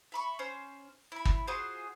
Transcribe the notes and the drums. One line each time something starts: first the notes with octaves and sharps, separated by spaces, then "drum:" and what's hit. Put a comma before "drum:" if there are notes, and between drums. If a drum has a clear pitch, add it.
E5 B5 C#6
C#4 C5
E4 B5
drum: kick
F4 F#4 G#4 C5